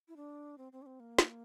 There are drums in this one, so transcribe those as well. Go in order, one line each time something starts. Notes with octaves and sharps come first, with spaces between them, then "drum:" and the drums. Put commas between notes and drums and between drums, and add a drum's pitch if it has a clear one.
E4
D4
C4
C4
D4
C4
A#3
drum: snare